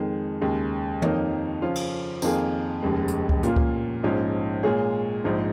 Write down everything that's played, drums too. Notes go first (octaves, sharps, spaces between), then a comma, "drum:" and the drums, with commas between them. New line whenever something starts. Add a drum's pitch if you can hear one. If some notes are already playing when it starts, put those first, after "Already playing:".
Already playing: F2 D#3 G#3
D#2 C#3 G#3
F2 D#3 A#3 D#4 C#5, drum: tom
C#3 F3 C#4 F4
drum: cymbal
F2 D#3 A#3 F4 G#4, drum: tambourine
F1 D#2 C#3 G#3
drum: hi-hat
drum: kick C#2
A#2 A#3 C#4 F4, drum: hi-hat
drum: kick C#2
A#1 G#2 F3 C#4
A#2 G#3 F4 G#4 C#5
A#1 G#2 F3